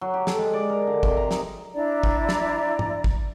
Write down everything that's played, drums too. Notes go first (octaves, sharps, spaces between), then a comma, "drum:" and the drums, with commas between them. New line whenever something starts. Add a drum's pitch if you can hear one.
F#3
G4
A4, drum: snare
G#3
D5
A#4
D3
C3, drum: kick
A#5
D#4, drum: snare
D4 E4 D5 A#5
drum: kick
drum: snare
drum: tom
drum: kick